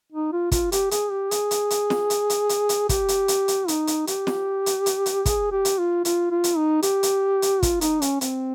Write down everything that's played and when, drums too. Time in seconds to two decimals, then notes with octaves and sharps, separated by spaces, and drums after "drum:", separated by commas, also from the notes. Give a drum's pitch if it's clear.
0.13 D#4
0.33 F4
0.52 F4, drum: kick, hi-hat
0.72 G4, drum: hi-hat
0.91 G#4, drum: hi-hat
1.11 G4
1.31 G#4, drum: hi-hat
1.51 drum: hi-hat
1.70 drum: hi-hat
1.90 drum: snare
2.10 drum: hi-hat
2.30 drum: hi-hat
2.49 drum: hi-hat
2.69 drum: hi-hat
2.89 G4, drum: kick, hi-hat
3.08 drum: hi-hat
3.28 drum: hi-hat
3.48 drum: hi-hat
3.68 D#4, drum: hi-hat
3.87 drum: hi-hat
4.07 G4, drum: hi-hat
4.27 drum: snare
4.66 drum: hi-hat
4.86 drum: hi-hat
5.06 drum: hi-hat
5.26 G#4, drum: kick, hi-hat
5.52 G4
5.65 drum: hi-hat
5.79 F4
6.05 F4, drum: hi-hat
6.31 F4
6.44 drum: hi-hat
6.57 D#4
6.82 G4, drum: hi-hat
7.03 drum: hi-hat
7.42 drum: hi-hat
7.63 F4, drum: kick, hi-hat
7.81 D#4, drum: hi-hat
8.02 C#4, drum: hi-hat
8.21 C4, drum: hi-hat